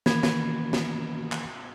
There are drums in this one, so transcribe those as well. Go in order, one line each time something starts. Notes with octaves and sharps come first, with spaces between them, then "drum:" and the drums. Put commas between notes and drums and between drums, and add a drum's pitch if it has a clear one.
D#3 E3 A#3 B5 G#6, drum: snare
drum: snare
drum: snare
drum: clap